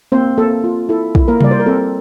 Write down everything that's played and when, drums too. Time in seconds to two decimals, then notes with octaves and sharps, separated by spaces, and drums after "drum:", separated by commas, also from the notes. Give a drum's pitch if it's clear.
0.12 A#3 C4 C5
0.37 A#3 A4
0.64 F4
0.89 E4 A4
1.15 E4, drum: kick
1.28 A#3 A#4
1.41 G3 D5, drum: tom C3
1.51 C5
1.60 A#4
1.66 C4 A4